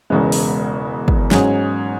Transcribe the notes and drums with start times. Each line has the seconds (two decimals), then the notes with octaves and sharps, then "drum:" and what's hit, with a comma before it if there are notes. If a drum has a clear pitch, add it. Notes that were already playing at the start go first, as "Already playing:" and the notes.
0.10 E1 E2 C#3 G#3 B3
0.32 drum: open hi-hat
1.08 drum: kick
1.31 G#2 F#3 C#4 G#4, drum: snare